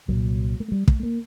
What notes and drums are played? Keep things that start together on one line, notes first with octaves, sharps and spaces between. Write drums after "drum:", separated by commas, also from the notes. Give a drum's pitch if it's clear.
C2 A#2 F#3
A3
G3
A3, drum: kick
A#3